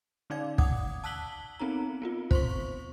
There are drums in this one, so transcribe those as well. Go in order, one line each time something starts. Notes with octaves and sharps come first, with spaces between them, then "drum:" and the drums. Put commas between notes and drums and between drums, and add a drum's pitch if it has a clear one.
D3 C#4 D#4 D5 F5 G#6
F#5 D6 D#6 G#6, drum: kick
A5 E6 F#6 B6 F#7 G7
B3 C4 D#4 A#5
B3 C4 F4
C5 C6 C#6, drum: kick